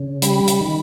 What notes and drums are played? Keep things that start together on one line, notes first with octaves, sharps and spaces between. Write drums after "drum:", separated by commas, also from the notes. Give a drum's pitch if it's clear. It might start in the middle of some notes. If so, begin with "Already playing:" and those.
Already playing: C#3
G3 B5, drum: hi-hat
drum: hi-hat
D#3